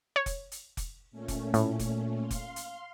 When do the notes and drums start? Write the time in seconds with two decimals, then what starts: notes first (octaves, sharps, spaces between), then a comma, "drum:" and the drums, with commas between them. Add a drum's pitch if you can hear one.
0.16 C#5
0.26 drum: kick F1, hi-hat
0.52 drum: hi-hat
0.77 drum: kick F1, hi-hat
1.11 A#2 A3 C#4
1.28 drum: kick F1, hi-hat
1.54 A2, drum: hi-hat
1.79 drum: kick F1, hi-hat
2.21 F5 C6
2.31 drum: kick F1, hi-hat
2.56 drum: hi-hat